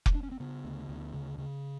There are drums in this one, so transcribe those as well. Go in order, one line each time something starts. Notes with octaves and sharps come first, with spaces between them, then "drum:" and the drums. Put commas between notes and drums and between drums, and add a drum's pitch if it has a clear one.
drum: kick F1
D4
C#4
C4
C#3 B3
D2
D2
C#3
C#3